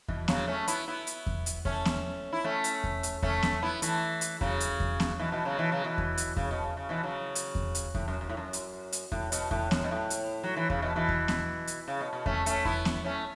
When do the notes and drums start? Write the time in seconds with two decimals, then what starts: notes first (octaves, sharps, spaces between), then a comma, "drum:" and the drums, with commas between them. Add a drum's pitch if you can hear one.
0.08 B2 E3, drum: kick E2
0.28 C#3 F#3, drum: snare
0.47 A3 C#4
0.68 B3 E4, drum: hi-hat
0.88 B3 E4
1.07 drum: hi-hat
1.26 drum: kick E2
1.46 drum: hi-hat
1.65 A3 C#4, drum: kick E2
1.85 drum: snare
2.33 E4
2.44 A3 C#4
2.64 drum: hi-hat
2.84 drum: kick E2
3.03 drum: hi-hat
3.23 A3 C#4, drum: kick E2
3.43 drum: snare
3.62 B3 E4
3.82 E3 A3, drum: hi-hat
4.21 drum: hi-hat
4.41 C#3 F#3, drum: kick E2
4.60 drum: hi-hat
4.80 drum: kick E2
5.00 drum: snare
5.20 B2 E3
5.32 B2 E3
5.45 C#3 F#3
5.59 B2 E3
5.72 C#3 F#3
5.84 B2 E3
5.98 drum: kick E2
6.17 drum: hi-hat
6.37 C#3, drum: kick E2
6.51 B2
6.63 C#3
6.77 C#3
6.89 B2 E3
7.03 C#3 F#3
7.35 drum: hi-hat
7.55 drum: kick E2
7.75 drum: hi-hat
7.95 A2, drum: kick E2
8.08 F#2
8.21 F#2
8.29 A2
8.37 F#2
8.53 drum: hi-hat
8.92 drum: hi-hat
9.12 A2, drum: kick E2
9.32 B2, drum: hi-hat
9.51 A2, drum: kick E2
9.71 F#2, drum: snare
9.84 B2
9.91 A2
10.10 drum: hi-hat
10.43 F#3
10.56 E3
10.70 C#3, drum: kick E2
10.82 B2 E3
10.96 B2 E3
11.09 drum: kick E2
11.28 drum: snare
11.67 drum: hi-hat
11.88 C#3
12.01 B2
12.13 B2
12.26 A3 C#4, drum: kick E2
12.46 A3 C#4, drum: hi-hat
12.65 B3 E4, drum: kick E2
12.85 drum: snare
13.04 A3 C#4